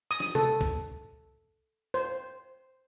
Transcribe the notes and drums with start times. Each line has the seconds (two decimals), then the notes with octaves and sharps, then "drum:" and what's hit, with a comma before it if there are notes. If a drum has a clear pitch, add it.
0.11 D#6
0.20 drum: snare
0.35 A4, drum: tom C3
0.61 drum: kick B1
1.94 C5